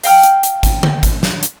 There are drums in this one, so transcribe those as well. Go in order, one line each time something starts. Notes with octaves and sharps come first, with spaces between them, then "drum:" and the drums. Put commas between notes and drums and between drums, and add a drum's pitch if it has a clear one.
F5 G5 F6, drum: open hi-hat
drum: hi-hat
drum: hi-hat
drum: kick G#1, hi-hat
drum: tom
drum: kick G#1, hi-hat
drum: snare
drum: hi-hat